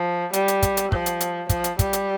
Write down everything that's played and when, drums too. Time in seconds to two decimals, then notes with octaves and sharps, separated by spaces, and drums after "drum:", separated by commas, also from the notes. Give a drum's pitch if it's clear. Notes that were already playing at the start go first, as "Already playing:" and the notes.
Already playing: F3
0.33 G3, drum: hi-hat
0.48 drum: hi-hat
0.63 drum: kick, hi-hat
0.77 drum: hi-hat
0.92 F3, drum: kick
1.06 drum: hi-hat
1.21 drum: hi-hat
1.49 F3, drum: kick, hi-hat
1.64 drum: hi-hat
1.79 G3, drum: kick, hi-hat
1.93 drum: hi-hat